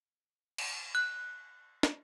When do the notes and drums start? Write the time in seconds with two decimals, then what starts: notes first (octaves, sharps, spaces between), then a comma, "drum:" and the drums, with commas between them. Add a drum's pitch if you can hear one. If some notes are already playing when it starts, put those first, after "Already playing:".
0.58 drum: cymbal
0.95 F#6
1.83 drum: snare